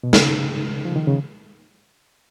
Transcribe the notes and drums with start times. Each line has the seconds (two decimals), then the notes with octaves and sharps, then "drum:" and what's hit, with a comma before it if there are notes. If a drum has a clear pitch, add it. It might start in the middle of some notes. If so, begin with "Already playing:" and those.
0.03 B2
0.13 C#3, drum: snare
0.85 F3
0.96 D#3
1.07 C#3